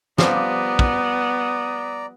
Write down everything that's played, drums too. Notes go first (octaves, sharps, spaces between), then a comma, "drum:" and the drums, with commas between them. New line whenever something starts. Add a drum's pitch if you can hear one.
F3 G3 B3 D5 A#5 D#6, drum: snare
drum: kick